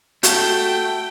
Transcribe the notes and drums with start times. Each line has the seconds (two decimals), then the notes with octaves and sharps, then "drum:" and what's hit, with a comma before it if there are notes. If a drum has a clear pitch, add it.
0.23 A3 F#4 G5, drum: hi-hat